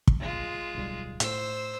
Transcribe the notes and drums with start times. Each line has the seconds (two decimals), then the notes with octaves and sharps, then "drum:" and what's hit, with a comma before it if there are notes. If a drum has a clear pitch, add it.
0.07 drum: kick
0.20 G#3 F4
0.75 D1 B1 G3
1.20 A2 C5 E6, drum: hi-hat